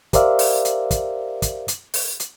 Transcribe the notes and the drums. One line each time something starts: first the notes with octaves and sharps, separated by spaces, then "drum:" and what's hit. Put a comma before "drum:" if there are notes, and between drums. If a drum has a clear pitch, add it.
G4 A#4 C5 D5 E5 F5, drum: kick, hi-hat
drum: open hi-hat
drum: hi-hat
drum: kick, hi-hat
drum: kick, hi-hat
drum: hi-hat
drum: open hi-hat
drum: hi-hat